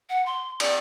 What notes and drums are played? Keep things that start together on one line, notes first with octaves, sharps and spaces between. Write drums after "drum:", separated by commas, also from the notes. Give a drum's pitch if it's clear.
F#5
C6
D5, drum: cymbal